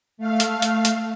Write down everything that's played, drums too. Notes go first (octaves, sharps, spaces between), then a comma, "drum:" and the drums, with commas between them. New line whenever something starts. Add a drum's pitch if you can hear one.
A3 F5
drum: hi-hat
drum: hi-hat
drum: hi-hat